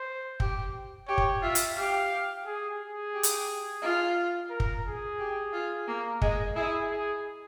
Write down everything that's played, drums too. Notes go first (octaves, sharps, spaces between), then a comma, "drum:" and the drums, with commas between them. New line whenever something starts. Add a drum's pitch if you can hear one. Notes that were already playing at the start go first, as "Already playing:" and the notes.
Already playing: C5
G4, drum: kick
G4 C#5
drum: kick
F4 E5
drum: hi-hat
G4 F5
G#4
G#4
G4
drum: hi-hat
F4
A#4
drum: kick
G#4
G4
F4
A#3
G#3, drum: kick
E4 G#4
G#4